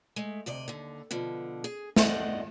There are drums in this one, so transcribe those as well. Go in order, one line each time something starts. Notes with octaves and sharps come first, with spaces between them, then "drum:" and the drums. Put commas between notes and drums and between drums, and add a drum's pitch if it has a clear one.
G#3 A3
D2 C3 D5 D#5
D#2 D3
B2 D3 F3
G#4
C4 D#4 D5 D#5 F#5, drum: snare